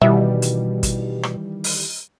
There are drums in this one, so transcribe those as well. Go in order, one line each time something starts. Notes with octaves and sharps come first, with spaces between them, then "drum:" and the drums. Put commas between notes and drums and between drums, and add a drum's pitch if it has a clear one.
B2 D#3 E3 G3 E5
drum: hi-hat
drum: kick, hi-hat
drum: rim click
drum: open hi-hat